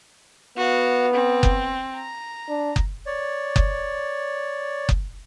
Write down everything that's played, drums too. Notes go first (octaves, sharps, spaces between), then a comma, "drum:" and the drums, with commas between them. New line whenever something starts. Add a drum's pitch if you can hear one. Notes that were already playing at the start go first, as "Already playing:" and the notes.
B3 F#4 F5
C4
drum: kick F#1
A#5
D4
drum: kick F#1
C#5 D5
drum: kick F#1
drum: kick F#1